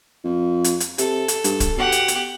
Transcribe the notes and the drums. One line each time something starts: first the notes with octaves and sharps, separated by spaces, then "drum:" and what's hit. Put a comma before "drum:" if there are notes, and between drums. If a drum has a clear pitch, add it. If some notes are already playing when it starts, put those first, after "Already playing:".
F2
drum: hi-hat
drum: hi-hat
C3 A4, drum: hi-hat
drum: hi-hat
G2, drum: hi-hat
drum: kick, hi-hat
B2 G4 F#5
drum: hi-hat
drum: hi-hat